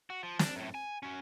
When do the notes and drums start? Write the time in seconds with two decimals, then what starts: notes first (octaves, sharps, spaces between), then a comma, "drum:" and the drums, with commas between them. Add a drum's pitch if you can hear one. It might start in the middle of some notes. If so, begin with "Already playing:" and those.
0.10 F#4
0.23 F3
0.39 D4, drum: snare
0.56 F#2 A2
0.74 G#5
1.03 C#4 F#4